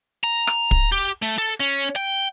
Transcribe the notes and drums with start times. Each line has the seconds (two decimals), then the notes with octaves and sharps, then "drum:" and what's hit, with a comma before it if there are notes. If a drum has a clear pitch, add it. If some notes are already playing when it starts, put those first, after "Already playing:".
0.24 A#5
0.47 drum: rim click
0.71 drum: kick
0.92 G4
1.22 A3
1.38 A4
1.60 C#4
1.96 G5